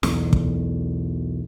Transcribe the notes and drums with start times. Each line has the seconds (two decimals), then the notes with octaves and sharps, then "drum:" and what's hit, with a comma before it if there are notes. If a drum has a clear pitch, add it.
0.03 B1 E2, drum: snare
0.33 drum: kick